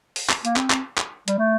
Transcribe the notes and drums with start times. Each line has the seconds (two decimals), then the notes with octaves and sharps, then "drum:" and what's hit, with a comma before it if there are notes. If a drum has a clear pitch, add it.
0.16 drum: open hi-hat
0.30 drum: clap
0.45 A#3, drum: hi-hat
0.56 C4, drum: clap
0.70 drum: clap
0.98 drum: clap
1.28 G3, drum: hi-hat
1.39 A3